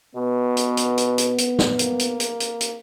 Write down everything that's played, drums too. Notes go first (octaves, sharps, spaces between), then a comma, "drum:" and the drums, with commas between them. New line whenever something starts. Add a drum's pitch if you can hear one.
B2 B3
drum: hi-hat
drum: hi-hat
drum: hi-hat
drum: hi-hat
drum: hi-hat
drum: snare
A#3, drum: hi-hat
drum: hi-hat
drum: hi-hat
drum: hi-hat
drum: hi-hat